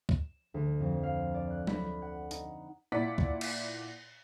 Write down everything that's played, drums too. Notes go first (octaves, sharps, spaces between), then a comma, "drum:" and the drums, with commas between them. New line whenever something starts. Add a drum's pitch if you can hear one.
E7, drum: kick
D2
F2
F5
D5
F#6
B5, drum: tom F#3
F#5
D#4, drum: hi-hat
A#2 E4 D5 F#5 B6
drum: kick
drum: cymbal